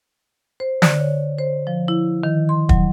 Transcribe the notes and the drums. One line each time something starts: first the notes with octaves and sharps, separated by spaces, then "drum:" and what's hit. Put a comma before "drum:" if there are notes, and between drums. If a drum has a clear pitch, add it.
C5
D3, drum: snare
C#5
C5
F3
E4
D#3
C6
F#3, drum: kick